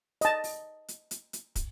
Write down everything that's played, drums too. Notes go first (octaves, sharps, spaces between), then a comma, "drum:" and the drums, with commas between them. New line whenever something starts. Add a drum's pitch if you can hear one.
D#5 A5, drum: hi-hat
drum: open hi-hat
drum: hi-hat
drum: hi-hat
drum: hi-hat
drum: kick, hi-hat